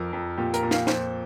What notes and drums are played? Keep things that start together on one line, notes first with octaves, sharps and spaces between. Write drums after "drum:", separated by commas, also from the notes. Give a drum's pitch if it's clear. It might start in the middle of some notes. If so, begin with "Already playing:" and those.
Already playing: F2 F3 A#4
F2
A#2 G4
A#4, drum: hi-hat
A#2
F5, drum: snare
F2 C5, drum: snare